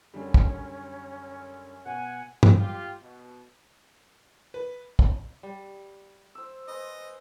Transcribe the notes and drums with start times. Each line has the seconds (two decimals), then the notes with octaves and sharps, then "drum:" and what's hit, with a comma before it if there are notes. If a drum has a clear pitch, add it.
0.14 F#2 D3 G3 C#4
0.34 drum: kick
1.85 B2 F#5 G#5
2.43 drum: tom G2
2.60 F4 G4
3.02 B2
4.54 B4
4.99 drum: kick
5.43 G3
6.35 C5 E6
6.68 B4 C5 D#5 G#5